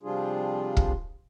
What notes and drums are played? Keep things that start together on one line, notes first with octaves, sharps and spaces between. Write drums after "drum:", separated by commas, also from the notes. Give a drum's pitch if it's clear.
C3 F3 G3 D4 F4 G#4
drum: kick